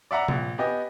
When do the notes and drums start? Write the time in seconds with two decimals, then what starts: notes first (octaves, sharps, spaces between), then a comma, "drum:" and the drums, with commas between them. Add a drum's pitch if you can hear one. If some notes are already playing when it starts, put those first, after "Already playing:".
0.11 D5 E5 F#5 A#5
0.28 A#1, drum: tom C3
0.58 B3 G4 D#5 G#5